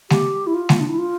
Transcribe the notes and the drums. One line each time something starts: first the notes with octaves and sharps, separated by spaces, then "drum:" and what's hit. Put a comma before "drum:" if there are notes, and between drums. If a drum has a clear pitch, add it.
G4, drum: snare
E4
F4
drum: snare
D4
E4
F4